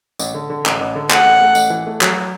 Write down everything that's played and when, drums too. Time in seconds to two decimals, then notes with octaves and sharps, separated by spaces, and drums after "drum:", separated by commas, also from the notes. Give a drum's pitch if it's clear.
0.19 A1, drum: tambourine
0.34 D3
0.50 D3
0.66 A1, drum: clap
0.81 A1
0.95 D3
1.10 A3 F#5, drum: clap
1.25 A1
1.41 A3
1.55 A1, drum: tambourine
1.70 E3
1.86 A3
2.01 F#3, drum: clap